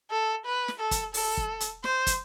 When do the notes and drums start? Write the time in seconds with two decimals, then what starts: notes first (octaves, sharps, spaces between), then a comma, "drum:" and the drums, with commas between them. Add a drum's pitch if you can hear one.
0.10 A4
0.45 B4
0.68 drum: snare
0.79 A4
0.91 drum: kick, hi-hat
1.14 A4, drum: open hi-hat
1.37 drum: kick
1.60 drum: hi-hat
1.84 C5, drum: snare
2.07 drum: kick, hi-hat